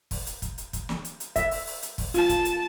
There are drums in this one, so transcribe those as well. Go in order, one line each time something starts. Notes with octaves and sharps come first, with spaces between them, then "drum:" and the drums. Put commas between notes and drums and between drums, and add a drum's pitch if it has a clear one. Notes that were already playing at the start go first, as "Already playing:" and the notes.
drum: kick, open hi-hat
drum: hi-hat
drum: kick, hi-hat
drum: hi-hat
drum: kick, hi-hat
drum: snare
drum: hi-hat
drum: hi-hat
E5, drum: kick, hi-hat
drum: open hi-hat
drum: open hi-hat
drum: hi-hat
drum: kick, open hi-hat
F4 A5, drum: hi-hat
drum: kick, hi-hat
drum: hi-hat